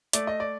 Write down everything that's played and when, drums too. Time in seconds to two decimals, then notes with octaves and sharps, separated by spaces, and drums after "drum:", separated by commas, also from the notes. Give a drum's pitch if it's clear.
0.13 A3 D5, drum: hi-hat
0.27 D#5
0.40 D5